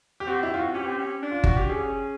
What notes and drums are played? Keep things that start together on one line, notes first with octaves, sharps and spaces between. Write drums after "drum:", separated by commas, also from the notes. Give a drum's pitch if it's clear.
G4
C4 F#4
E4
F4
F#4
C#4 G4
C4
C#4
D4
F4
F#4, drum: kick G1
G4
C#4 G#4